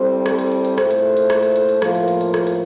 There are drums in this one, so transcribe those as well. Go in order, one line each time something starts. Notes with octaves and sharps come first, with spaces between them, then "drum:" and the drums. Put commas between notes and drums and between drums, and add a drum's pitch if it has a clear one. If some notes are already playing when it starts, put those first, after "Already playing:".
Already playing: G3 C4 E4 A4 C5
drum: rim click
drum: hi-hat
drum: hi-hat
drum: hi-hat
A#2 A3 E4 A4 C5, drum: rim click
drum: hi-hat
drum: hi-hat
drum: rim click
drum: hi-hat
drum: hi-hat
drum: hi-hat
A2 F3 A#3 F4, drum: rim click
drum: hi-hat
drum: hi-hat
drum: hi-hat
drum: rim click
drum: hi-hat